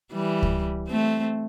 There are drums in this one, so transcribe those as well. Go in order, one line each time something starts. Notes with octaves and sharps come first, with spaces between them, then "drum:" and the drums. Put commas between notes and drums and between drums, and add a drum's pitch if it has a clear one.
E3 G3
drum: kick C#2
A3 C4